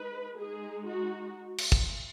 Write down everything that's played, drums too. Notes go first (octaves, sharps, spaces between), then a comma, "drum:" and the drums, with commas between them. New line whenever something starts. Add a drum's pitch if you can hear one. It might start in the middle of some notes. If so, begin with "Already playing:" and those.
Already playing: G#3 D#4 B4
G#3 D#4 G#4
F#4
drum: cymbal
drum: kick